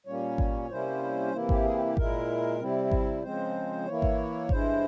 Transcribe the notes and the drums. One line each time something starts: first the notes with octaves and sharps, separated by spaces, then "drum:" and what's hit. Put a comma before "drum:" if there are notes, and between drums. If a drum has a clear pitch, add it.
A#2 G3 A#3 C#4 C#5
drum: kick G#1
C3 G3 A#3 C#4 E4 C5
C3 E3 A#3 E4
G4, drum: kick G#1
G#4
G4
G4
A#2 G#3 E4 A#4, drum: kick G#1
C3 G3 C4 E4
drum: kick G#1
C#3 F3 G#3 C4 C5
E3 A#3 E4 C#5
drum: kick G#1
G2 E3 G#3 E4 C5, drum: kick G#1